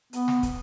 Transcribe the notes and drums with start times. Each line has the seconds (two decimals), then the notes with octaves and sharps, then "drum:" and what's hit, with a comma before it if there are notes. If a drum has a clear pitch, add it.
0.13 B3, drum: hi-hat
0.28 drum: snare
0.43 drum: kick, hi-hat